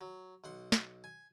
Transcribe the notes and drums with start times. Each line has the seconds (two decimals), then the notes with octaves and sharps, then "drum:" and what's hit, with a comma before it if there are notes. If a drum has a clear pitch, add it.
0.01 F#3
0.44 B1 F#5 C6
0.72 drum: snare
1.04 G#5